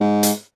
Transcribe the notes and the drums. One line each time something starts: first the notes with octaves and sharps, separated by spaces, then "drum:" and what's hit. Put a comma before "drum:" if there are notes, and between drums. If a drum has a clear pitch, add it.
G#2
drum: hi-hat